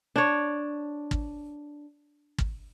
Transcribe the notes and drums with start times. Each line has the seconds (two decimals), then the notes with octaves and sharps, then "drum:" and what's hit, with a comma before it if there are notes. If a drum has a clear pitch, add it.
0.16 D4 C#5
1.11 drum: kick
2.38 drum: kick